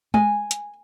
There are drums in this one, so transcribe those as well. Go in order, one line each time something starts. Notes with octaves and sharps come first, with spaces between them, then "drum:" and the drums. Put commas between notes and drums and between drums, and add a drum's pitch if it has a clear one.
G#5, drum: tom G#3
drum: hi-hat